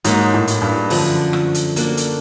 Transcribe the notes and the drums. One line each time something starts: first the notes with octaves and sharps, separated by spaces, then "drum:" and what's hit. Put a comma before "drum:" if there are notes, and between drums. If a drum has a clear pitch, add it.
G#2 F#3 A#3 D#4, drum: hi-hat
A2
drum: hi-hat
G2
F#2 D3 F3 A3, drum: open hi-hat
drum: rim click
drum: hi-hat
A#3 D4 F#4 A4, drum: hi-hat
drum: hi-hat